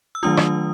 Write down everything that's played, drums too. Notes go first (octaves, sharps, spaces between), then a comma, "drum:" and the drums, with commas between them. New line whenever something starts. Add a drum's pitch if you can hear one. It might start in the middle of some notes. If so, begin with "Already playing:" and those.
E6
D#3 F#3 A3 D4 F4 D#6
drum: rim click